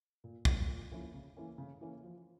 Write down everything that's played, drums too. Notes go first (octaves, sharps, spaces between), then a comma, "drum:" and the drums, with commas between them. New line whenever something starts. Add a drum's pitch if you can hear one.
A#2
F3 A#3 C#4 E4, drum: kick
A#2
F3 A#3 C#4 E4
C#3
E3 A#3 C#4
C#3
E3 A#3 C#4
F3